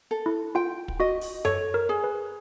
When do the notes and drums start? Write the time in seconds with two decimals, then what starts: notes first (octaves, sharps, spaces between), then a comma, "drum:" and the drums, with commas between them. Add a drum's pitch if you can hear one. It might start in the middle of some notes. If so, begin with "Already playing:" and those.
0.11 A4
0.26 E4
0.55 F4 G5
0.88 drum: kick
1.00 F#4 D#5
1.21 drum: open hi-hat
1.45 A4 C#5, drum: tom F#2
1.74 A#4
1.89 G#4
2.04 B4